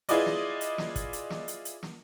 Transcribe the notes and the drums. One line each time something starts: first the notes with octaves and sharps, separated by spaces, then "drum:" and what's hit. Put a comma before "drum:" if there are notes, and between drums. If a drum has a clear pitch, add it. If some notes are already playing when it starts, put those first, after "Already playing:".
E4 F4 G#4 B4 D5 D#5, drum: hi-hat
drum: snare
drum: hi-hat
drum: snare
drum: kick, hi-hat
drum: hi-hat
drum: snare
drum: hi-hat
drum: hi-hat
drum: snare